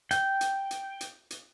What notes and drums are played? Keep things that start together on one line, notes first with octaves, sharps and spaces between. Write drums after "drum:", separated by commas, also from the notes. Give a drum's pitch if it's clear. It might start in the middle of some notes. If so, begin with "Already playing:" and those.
G5, drum: hi-hat
drum: hi-hat
drum: hi-hat
drum: hi-hat
drum: hi-hat